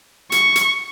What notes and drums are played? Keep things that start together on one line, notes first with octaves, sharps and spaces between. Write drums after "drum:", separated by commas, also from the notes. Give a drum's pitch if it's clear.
C#6, drum: hi-hat
drum: hi-hat